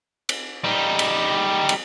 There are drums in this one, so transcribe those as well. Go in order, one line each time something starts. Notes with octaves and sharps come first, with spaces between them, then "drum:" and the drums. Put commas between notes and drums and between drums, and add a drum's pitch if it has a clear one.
drum: cymbal
G3 D#4
drum: cymbal
drum: cymbal